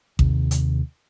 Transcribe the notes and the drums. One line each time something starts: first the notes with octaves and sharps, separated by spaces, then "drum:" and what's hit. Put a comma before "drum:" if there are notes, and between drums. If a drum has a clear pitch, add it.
D#2 C3, drum: kick A1
drum: hi-hat